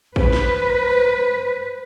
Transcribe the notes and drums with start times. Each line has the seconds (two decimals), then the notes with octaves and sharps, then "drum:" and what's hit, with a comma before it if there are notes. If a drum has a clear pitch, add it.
0.16 B4 C5, drum: kick
0.33 drum: snare